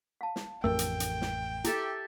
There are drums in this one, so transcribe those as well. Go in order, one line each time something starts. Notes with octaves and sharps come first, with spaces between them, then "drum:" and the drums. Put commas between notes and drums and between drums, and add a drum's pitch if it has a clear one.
F5 A5
drum: snare
A1 F2 A3 A#4 G5
drum: hi-hat
drum: hi-hat
drum: snare
E4 G4 A4 E5, drum: hi-hat